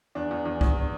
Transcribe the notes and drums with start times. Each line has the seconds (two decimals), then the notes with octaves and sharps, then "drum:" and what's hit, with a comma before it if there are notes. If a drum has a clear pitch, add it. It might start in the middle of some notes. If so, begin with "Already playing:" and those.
0.15 E2 D4
0.31 E2
0.45 E2
0.61 E2, drum: kick